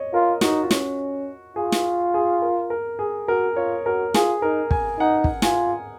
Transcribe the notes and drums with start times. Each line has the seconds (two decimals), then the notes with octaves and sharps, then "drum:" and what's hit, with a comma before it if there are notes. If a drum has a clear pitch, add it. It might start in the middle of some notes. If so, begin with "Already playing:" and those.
Already playing: C#5 D#5
0.14 F4 A#4
0.41 D#4 F#4, drum: snare
0.63 F4
0.71 C#4 F#4, drum: snare
1.56 F4 G#4
1.72 drum: snare
2.14 G#4
2.42 A#4
2.70 A#4
2.99 G#4
3.28 F#4 A#4
3.56 F4 C#5
3.85 F#4 A#4
4.14 F4 G#4, drum: snare
4.42 D#4 A#4
4.71 G#5, drum: kick
4.99 D#4 F#5
5.24 drum: kick
5.42 F4 G#5, drum: snare